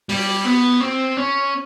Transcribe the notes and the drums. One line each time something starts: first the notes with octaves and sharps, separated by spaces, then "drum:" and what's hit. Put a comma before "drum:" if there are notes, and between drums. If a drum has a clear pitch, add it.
G3, drum: open hi-hat
B3
C4
C#4